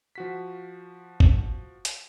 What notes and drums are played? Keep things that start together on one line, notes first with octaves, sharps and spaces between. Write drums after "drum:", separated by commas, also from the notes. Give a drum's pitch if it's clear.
F3 F#4 B6
drum: kick
drum: hi-hat